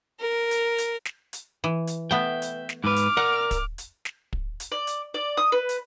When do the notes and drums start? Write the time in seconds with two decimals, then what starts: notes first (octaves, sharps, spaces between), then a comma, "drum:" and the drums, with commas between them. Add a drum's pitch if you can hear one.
0.20 A#4
0.51 drum: hi-hat
0.78 drum: hi-hat
1.06 drum: snare
1.33 drum: hi-hat
1.64 E3
1.87 drum: hi-hat
2.11 A3 B3 E5 G5
2.42 drum: hi-hat
2.69 drum: snare
2.84 G#2 B4 D6 F6
2.96 drum: hi-hat
3.17 A#4 D5 F#5 A#5
3.51 drum: kick, hi-hat
3.78 drum: hi-hat
4.05 drum: snare
4.33 drum: kick
4.60 drum: hi-hat
4.72 D5
4.87 drum: hi-hat
5.14 D5
5.37 D#6
5.52 B4
5.69 drum: hi-hat